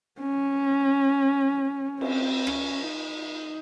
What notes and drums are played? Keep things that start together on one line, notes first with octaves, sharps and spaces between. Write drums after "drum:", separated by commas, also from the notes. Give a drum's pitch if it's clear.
C#4
C4, drum: cymbal
C#4, drum: rim click
D#4